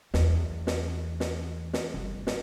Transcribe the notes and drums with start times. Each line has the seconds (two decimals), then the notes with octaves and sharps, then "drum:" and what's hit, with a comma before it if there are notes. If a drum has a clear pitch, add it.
0.14 E2, drum: snare
0.67 drum: snare
1.20 drum: snare
1.73 drum: snare
1.94 G1
2.27 drum: snare